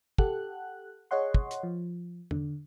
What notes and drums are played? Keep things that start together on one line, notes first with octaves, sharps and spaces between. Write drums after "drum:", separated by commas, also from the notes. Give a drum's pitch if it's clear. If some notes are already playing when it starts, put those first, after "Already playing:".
G4 A4 F#5 F#6, drum: kick
G#4 C#5 D#5 F#5 C6
drum: kick
drum: hi-hat
F3
D3, drum: tom E2